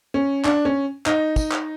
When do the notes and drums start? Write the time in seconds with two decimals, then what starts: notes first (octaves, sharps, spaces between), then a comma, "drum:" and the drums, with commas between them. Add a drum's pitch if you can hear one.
0.14 C#4
0.45 D4, drum: clap
0.65 C#4
1.06 D#4, drum: clap
1.36 drum: kick, tambourine
1.52 drum: clap